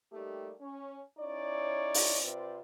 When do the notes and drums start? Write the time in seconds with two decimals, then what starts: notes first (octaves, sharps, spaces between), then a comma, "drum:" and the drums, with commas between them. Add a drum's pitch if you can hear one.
0.12 G3 A3 A#3 D#4 G4
0.60 C#4
1.18 C#4 D#4 E4 C#5 D5
1.94 drum: open hi-hat
2.22 C3 C4 F4 B4 C5 D5